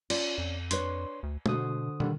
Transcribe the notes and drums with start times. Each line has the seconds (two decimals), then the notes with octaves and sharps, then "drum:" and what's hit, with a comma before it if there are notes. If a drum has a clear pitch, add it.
0.10 C#4 F4 D5, drum: cymbal
0.38 F2
0.71 D4 B4 C#5 C6, drum: hi-hat
1.23 D2
1.46 B2 D3 F#4 C5 D#6, drum: tom
2.00 D3 D#3 G3, drum: tom